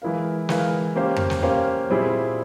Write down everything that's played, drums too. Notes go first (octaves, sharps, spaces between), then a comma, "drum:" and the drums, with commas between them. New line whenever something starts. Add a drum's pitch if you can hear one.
E3 G#3 E4 A#4 F5
E3 G#3 E4 A#4 F5, drum: snare
A#3 C#4 G4 C5 F5
drum: tom F2
drum: snare
A#3 C#4 G4 C5 F5
A#2 G3 C4 E4 G#4